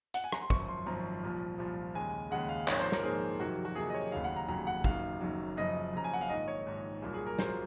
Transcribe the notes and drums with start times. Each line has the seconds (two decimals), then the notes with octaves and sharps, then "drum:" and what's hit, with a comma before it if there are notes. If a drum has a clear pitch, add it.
0.14 F#5, drum: hi-hat
0.24 G#5
0.32 A#5, drum: rim click
0.42 C6
0.50 G#1 F#2 F3 C#6, drum: kick
0.68 C6
0.86 G#1 F#2 F3 A#5
1.23 C2 A#2 F3
1.58 C2 A#2 F3
1.95 D#2 C#3 G#3 G#5
2.31 D#2 C#3 G#3 F#5
2.49 F5
2.68 A#1 G#2 F3 A#3 C#5, drum: clap
2.80 C5
2.92 A#4, drum: snare
3.03 A#1 G#2 F3 A#3 G#4
3.40 F2 C3 D#3 F#3 A#3 F#4
3.65 F#4
3.75 F2 C3 D#3 F#3 A#3 G#4
3.90 D#5
3.94 C#5
4.12 F1 D#2 C#3 F#3 F5
4.24 F#5
4.36 A#5
4.48 F1 D#2 C#3 F#3 A#5
4.67 F#5
4.84 F#1 F#2 D#3 F#3 F5, drum: kick
5.21 F#1 F#2 D#3 F#3
5.57 F#2 C#3 F3 D#5
5.94 F#2 C#3 F3 A#5
6.04 G#5
6.13 F#5
6.21 F5
6.30 A#1 G#2 D#3 D#5
6.48 C#5
6.66 A#1 G#2 D#3
7.02 C2 A#2 F#3 A#3
7.14 G#4
7.27 A#4
7.39 A#2 F#3 A#3 C5, drum: snare